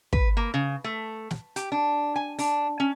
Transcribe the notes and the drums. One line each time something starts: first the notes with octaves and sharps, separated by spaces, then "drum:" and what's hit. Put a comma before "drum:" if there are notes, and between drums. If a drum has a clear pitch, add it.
B4, drum: kick
A#3
C#3
A3
drum: snare
G4, drum: hi-hat
D4
G#5
D4, drum: open hi-hat
C#4